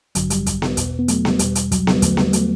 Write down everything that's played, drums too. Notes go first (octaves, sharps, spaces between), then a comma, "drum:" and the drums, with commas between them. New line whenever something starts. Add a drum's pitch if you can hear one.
A1 G2 D3 F#3, drum: hi-hat
G3, drum: hi-hat
drum: kick, hi-hat
drum: snare B3
E2 B2, drum: kick, hi-hat
B3
F#3 A3, drum: hi-hat
G3, drum: snare B3
E2 B2 G3, drum: hi-hat
drum: hi-hat
F#3, drum: kick, hi-hat
G3, drum: snare B3
E2 D3 F#3 A3, drum: kick, hi-hat
G3 B3, drum: snare B3
F#3 A3, drum: hi-hat